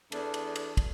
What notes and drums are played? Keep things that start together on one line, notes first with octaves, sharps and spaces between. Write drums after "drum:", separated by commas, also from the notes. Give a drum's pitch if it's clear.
E2 D4 A4, drum: cymbal
drum: cymbal
drum: cymbal
drum: kick, cymbal